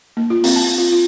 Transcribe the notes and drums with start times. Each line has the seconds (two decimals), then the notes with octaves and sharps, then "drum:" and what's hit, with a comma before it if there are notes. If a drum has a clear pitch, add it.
0.17 A#3
0.30 F4
0.44 C4, drum: open hi-hat
0.56 A5
0.78 F4
0.92 F4